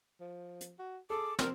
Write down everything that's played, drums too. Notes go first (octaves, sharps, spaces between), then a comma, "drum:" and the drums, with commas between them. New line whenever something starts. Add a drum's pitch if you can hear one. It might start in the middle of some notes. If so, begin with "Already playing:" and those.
F3
drum: hi-hat
F#4
G#4 A4 D6
C4 D4 A#4, drum: snare